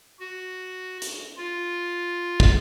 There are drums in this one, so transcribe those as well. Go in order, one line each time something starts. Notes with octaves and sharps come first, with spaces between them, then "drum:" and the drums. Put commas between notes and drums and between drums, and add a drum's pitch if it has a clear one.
F#4
drum: hi-hat
F4
drum: kick